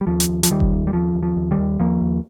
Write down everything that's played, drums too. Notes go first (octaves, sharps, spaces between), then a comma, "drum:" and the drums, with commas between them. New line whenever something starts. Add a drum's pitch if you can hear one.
G3
D#2 F3
drum: hi-hat
D#2
F3, drum: hi-hat
D#2 D#3 G3
drum: kick F#1
D#2
G3
D#2 F3
D#2
F3
D#2
D#3 G3
D#2
D#2 F3 A#3
D#2